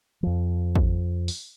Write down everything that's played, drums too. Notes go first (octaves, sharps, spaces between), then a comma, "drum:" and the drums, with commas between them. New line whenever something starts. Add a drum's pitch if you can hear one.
F2 F3
drum: kick
drum: open hi-hat